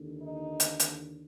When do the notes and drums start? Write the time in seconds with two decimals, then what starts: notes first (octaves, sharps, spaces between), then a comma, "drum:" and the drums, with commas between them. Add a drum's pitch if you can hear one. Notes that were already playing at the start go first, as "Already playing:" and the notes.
Already playing: D#2 D3
0.20 D#4
0.60 drum: hi-hat
0.80 drum: hi-hat